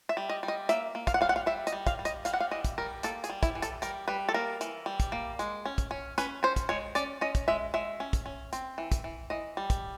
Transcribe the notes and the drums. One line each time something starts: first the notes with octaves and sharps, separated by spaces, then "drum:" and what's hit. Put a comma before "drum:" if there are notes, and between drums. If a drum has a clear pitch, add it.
E5
G3
D#5
G3
D#5
A#3 E5, drum: hi-hat
A#3
F5, drum: kick, hi-hat
F#5
G3 F5
F#5
F5
G3 E5
D#5, drum: hi-hat
G3
F5, drum: kick, hi-hat
G3
D#5, drum: hi-hat
G3 F5, drum: hi-hat
F#5
F5
E3 D#5
drum: kick, hi-hat
G3 A#4
A#3 A4, drum: hi-hat
G#4, drum: hi-hat
G3
E4, drum: kick, hi-hat
E3
A4, drum: hi-hat
G3 A#4, drum: hi-hat
G3 B4
A4
A#3 A#4
E3, drum: hi-hat
G3
drum: kick, hi-hat
A#3
G#3, drum: hi-hat
C#4
drum: kick, hi-hat
C#4
C#4 B4, drum: hi-hat
C#4 C5
drum: kick, hi-hat
G#3 C#5
C#4 D5, drum: hi-hat
C#4 D#5
drum: kick, hi-hat
G#3 E5
G#3 E5
C#4
drum: kick, hi-hat
C#4
C4, drum: hi-hat
E3
drum: kick, hi-hat
E3
E3 D#5
G3
drum: kick, hi-hat